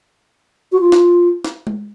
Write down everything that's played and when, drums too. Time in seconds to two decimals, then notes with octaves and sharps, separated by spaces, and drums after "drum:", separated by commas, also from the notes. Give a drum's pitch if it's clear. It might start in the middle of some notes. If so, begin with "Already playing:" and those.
0.72 F#4
0.80 F4
0.92 drum: snare
1.44 drum: snare
1.67 drum: tom G#3